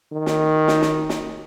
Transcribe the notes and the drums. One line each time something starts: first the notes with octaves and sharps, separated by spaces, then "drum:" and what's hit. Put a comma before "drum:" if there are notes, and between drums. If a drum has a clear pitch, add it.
D#3
drum: snare
drum: snare
drum: snare
drum: snare